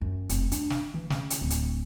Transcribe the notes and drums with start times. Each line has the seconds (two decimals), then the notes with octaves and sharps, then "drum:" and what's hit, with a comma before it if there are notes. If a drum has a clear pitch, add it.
0.01 F#2
0.29 F1, drum: hi-hat
0.52 D4, drum: hi-hat
0.70 drum: snare
0.94 E3
1.10 C#3, drum: snare
1.30 drum: hi-hat
1.41 D1
1.50 drum: hi-hat